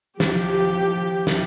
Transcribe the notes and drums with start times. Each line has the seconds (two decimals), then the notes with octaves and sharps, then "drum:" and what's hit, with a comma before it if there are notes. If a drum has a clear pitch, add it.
0.20 F3 G4, drum: snare
1.27 drum: snare